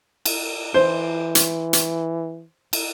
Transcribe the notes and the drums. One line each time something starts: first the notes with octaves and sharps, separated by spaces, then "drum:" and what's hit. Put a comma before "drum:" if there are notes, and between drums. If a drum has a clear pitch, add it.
drum: cymbal
E3 C5
drum: hi-hat
drum: hi-hat
drum: cymbal